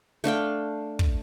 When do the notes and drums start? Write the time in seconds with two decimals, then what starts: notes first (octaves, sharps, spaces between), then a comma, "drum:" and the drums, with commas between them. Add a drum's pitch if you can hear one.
0.24 A3 D4 F5 G5
0.99 drum: kick